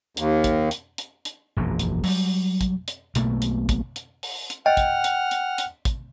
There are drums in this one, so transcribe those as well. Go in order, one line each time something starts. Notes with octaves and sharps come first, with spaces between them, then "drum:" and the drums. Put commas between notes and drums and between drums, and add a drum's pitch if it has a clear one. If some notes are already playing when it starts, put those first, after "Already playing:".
D#2, drum: hi-hat
drum: kick, hi-hat
drum: hi-hat
drum: hi-hat
drum: hi-hat
E1 A#1 F#2 A#2
drum: hi-hat
F#3 G3, drum: open hi-hat
drum: kick, hi-hat
drum: hi-hat
B1 B2 A3 A#3, drum: hi-hat
drum: hi-hat
drum: kick, hi-hat
drum: hi-hat
drum: open hi-hat
drum: hi-hat
D#5 F#5 G5 F6
drum: kick, hi-hat
drum: hi-hat
drum: hi-hat
drum: hi-hat
drum: kick, hi-hat